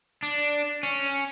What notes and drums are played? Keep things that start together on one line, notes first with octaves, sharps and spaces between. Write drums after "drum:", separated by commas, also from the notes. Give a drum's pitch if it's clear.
D4
C#4, drum: hi-hat
drum: hi-hat